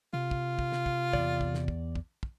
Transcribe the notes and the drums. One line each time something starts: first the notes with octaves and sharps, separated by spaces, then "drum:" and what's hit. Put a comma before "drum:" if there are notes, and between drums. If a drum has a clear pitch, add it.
C3 F4
drum: kick
drum: kick
drum: snare
drum: kick
E2 C#3 D5, drum: kick
drum: kick
drum: snare
drum: kick
drum: kick
drum: kick